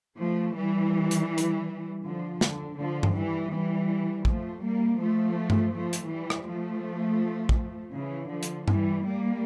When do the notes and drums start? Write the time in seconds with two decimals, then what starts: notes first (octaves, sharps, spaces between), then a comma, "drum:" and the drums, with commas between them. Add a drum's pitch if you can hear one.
0.19 F3 A3
0.56 E3 G3
1.11 drum: hi-hat
1.38 drum: hi-hat
2.03 D3 F3
2.41 D3, drum: snare
2.78 D3 F3
3.03 drum: tom G2
3.14 E3 G3
3.52 E3 G3
4.25 F3 A3, drum: kick
4.62 G3 A#3
4.99 F3 A3
5.50 drum: tom G2
5.73 F3 A3
5.93 drum: hi-hat
6.10 E3 G3
6.30 drum: rim click
6.46 F3 A3
7.49 drum: kick
7.94 C#3 E3
8.30 D3 F3
8.43 drum: hi-hat
8.68 E3 G3, drum: tom G2
9.04 G3 A#3